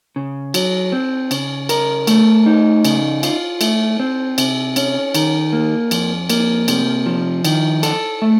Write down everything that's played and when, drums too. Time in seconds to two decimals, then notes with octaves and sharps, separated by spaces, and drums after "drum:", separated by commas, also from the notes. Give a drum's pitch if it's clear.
0.16 C#3
0.54 F#3, drum: cymbal
0.92 C4
1.31 C#3, drum: cymbal
1.69 A#4, drum: cymbal
2.07 A3, drum: cymbal
2.46 D#4
2.85 C#3, drum: cymbal
3.23 F4, drum: cymbal
3.61 A3, drum: cymbal
4.00 C4
4.38 C3, drum: cymbal
4.76 C#4, drum: cymbal
5.15 D#3, drum: cymbal
5.53 A#3
5.91 F2, drum: cymbal
6.30 A#3, drum: cymbal
6.68 C3, drum: cymbal
7.06 F3
7.45 D#3, drum: cymbal
7.83 A4, drum: cymbal
8.22 A3